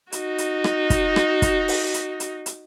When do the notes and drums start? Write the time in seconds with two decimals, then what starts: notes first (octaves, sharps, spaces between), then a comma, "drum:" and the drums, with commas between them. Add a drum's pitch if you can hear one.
0.12 D#4 F#4, drum: hi-hat
0.38 drum: hi-hat
0.64 drum: rim click
0.90 drum: kick, hi-hat
1.16 drum: rim click
1.42 drum: kick, hi-hat
1.68 drum: open hi-hat
1.94 drum: hi-hat
2.20 drum: hi-hat
2.46 drum: hi-hat